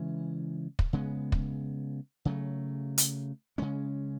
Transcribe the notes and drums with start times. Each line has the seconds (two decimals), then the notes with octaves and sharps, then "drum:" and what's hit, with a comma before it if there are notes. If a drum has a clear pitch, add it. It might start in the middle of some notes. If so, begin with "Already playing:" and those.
Already playing: C#3 E3 G#3 C#4
0.79 drum: kick
0.93 C#3 G#3 B3
1.32 drum: kick
2.25 C#3 F#3 A3
2.98 drum: hi-hat
3.58 C#3 G#3 C#4